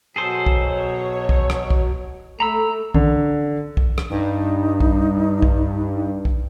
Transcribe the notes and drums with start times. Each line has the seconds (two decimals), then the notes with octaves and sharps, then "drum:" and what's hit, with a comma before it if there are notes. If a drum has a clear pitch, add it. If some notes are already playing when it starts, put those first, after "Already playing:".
0.16 B2 F#3 G#4 A4 C5
0.46 drum: kick
0.66 C#5
1.29 drum: kick
1.50 drum: rim click
1.70 drum: kick
2.40 A3 A#5 B5 E6
2.94 D3, drum: kick
3.77 drum: kick
3.98 drum: rim click
4.10 G2 D#4
4.80 drum: kick
5.42 drum: kick
6.25 drum: kick